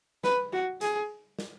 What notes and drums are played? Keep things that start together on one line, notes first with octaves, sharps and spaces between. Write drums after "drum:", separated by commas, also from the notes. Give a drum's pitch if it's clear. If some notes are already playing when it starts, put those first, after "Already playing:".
B4, drum: snare
F#4
G#4, drum: hi-hat
drum: snare